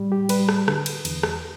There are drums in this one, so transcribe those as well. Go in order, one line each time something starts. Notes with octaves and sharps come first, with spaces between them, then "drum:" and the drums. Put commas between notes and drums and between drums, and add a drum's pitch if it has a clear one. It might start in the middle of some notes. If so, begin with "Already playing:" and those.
Already playing: A2 G3
G4
G3 B4, drum: cymbal
drum: rim click
D3, drum: rim click
drum: cymbal
E2, drum: cymbal
drum: rim click